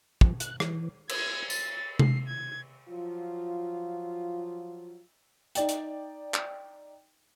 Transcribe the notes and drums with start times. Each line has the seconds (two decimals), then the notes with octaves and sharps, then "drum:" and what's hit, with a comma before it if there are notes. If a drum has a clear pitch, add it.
0.21 F3, drum: kick
0.40 F#6, drum: hi-hat
0.60 E3, drum: rim click
1.09 G#6, drum: cymbal
1.50 A6, drum: tambourine
1.99 C7, drum: tom C3
2.28 G#6
2.88 F3 F#3 F4
5.55 D#4 D5 G5, drum: hi-hat
5.69 drum: hi-hat
6.34 drum: clap